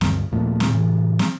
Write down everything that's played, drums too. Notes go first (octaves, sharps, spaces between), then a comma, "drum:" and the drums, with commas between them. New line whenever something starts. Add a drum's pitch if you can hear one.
D2 G2, drum: snare
D#2 A#2 F3 A3
drum: snare
A2 C3 E3
drum: snare